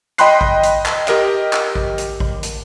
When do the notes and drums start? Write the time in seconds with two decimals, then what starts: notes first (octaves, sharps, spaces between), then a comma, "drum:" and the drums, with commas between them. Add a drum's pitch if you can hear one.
0.18 D#5 G5 B5 C6 F#6 C7, drum: hi-hat
0.41 drum: kick A1
0.63 drum: hi-hat
0.86 drum: clap
1.08 G4 A#4 D#5, drum: clap
1.53 drum: clap
1.75 drum: kick A1
1.98 drum: hi-hat
2.20 drum: kick A1
2.43 drum: hi-hat